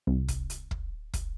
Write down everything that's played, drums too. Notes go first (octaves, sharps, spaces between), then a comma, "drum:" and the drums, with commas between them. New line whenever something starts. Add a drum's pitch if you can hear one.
C2
drum: kick, hi-hat
drum: hi-hat
drum: kick
drum: kick, hi-hat